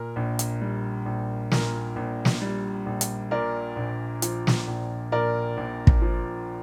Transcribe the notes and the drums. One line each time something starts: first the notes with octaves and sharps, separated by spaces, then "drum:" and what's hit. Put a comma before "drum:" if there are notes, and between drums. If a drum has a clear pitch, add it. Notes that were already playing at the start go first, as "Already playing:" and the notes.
Already playing: A#2 A#4
A#1
drum: hi-hat
G3
A#1
A#2 A#4, drum: snare
A#1
drum: snare
G3
A#1
drum: hi-hat
A#2 A#4 D5
A#1
F3, drum: hi-hat
drum: snare
A#1
A#2 A#4 D5
A#1
drum: kick
F3